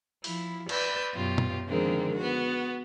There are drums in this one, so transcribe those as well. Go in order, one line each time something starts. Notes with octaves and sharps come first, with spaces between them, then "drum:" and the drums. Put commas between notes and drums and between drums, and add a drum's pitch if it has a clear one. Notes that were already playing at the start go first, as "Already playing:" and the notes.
F3 E4, drum: open hi-hat
B4 D5 E6 G6, drum: cymbal
F#2 B2 F4 G4
drum: tom
D3 D#3 F3 G#3 A#3 C4
B3 F#4